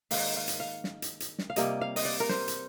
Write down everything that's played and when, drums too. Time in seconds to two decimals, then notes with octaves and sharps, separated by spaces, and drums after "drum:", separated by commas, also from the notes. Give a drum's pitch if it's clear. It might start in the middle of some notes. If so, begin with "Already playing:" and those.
0.11 G#2 D#3 A#3 F5, drum: open hi-hat
0.36 F5
0.48 drum: hi-hat
0.60 F5
0.84 drum: snare
1.02 drum: hi-hat
1.20 drum: hi-hat
1.39 drum: snare
1.50 F5
1.56 C3 G3 A#3 D#5, drum: hi-hat
1.81 F5
1.96 D#5, drum: open hi-hat
2.05 D5
2.20 A#4
2.29 C5, drum: snare
2.48 drum: hi-hat